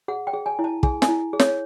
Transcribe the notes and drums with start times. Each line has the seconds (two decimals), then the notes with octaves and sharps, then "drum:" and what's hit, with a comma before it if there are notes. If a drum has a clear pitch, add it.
0.08 G#4 F#5
0.27 G5
0.33 G#4
0.46 G#5
0.59 E4
0.64 A5
0.83 G#4 G#5, drum: kick
1.02 G#5, drum: snare
1.08 E4
1.33 G#4
1.40 C#5, drum: snare